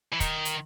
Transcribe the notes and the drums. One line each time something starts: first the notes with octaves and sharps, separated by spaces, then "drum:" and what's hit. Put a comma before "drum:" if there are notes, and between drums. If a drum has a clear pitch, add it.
E3
D#3, drum: kick, hi-hat
drum: hi-hat